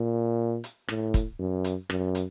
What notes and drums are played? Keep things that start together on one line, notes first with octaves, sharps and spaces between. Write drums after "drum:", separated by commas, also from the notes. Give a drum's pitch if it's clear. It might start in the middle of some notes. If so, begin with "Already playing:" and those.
Already playing: A#2
drum: hi-hat
A2, drum: rim click
drum: kick, hi-hat
F#2
drum: hi-hat
F#2, drum: rim click
drum: hi-hat